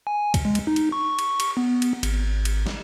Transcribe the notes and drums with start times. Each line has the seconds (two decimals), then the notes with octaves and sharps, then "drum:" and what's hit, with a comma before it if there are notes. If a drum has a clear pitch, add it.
0.07 G#5
0.34 drum: kick, cymbal
0.45 G#3
0.55 drum: cymbal
0.67 D#4
0.76 drum: cymbal
0.92 C#6
1.19 drum: cymbal
1.40 drum: cymbal
1.57 B3
1.82 drum: cymbal
2.03 G#1, drum: cymbal
2.45 drum: cymbal
2.66 drum: snare